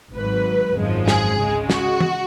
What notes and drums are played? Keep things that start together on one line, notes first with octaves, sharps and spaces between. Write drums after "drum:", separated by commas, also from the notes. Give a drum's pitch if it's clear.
G#1 G#2 F#3 B4
G#1 F#2 F3 G#3
G#4, drum: snare
C#2 C#3 G#3
F#4, drum: snare
drum: tom